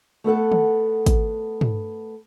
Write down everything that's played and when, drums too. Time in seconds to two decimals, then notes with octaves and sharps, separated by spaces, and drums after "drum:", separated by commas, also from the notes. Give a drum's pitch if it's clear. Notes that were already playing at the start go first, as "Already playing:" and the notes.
0.24 A3 B3 A4 F#5
0.52 drum: tom
1.06 drum: kick G#1, hi-hat
1.61 drum: tom